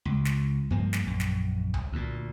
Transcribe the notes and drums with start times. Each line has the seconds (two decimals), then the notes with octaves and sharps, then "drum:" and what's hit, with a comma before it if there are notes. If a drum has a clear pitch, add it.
0.05 C#2
0.25 drum: snare
0.70 G2 F3 A#3
0.93 drum: snare
1.06 A#1 F#2
1.20 drum: snare
1.74 drum: tom C2
1.92 D2 A#2